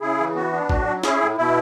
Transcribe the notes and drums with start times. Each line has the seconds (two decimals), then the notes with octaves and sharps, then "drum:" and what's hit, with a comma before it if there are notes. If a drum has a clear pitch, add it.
0.01 C#3 E4 G#4
0.18 E3
0.35 B3 F#4
0.52 D4
0.69 A2 F#4, drum: kick
0.86 F#3
1.03 C#4 E4 G#4, drum: snare
1.21 A2
1.38 B2 E4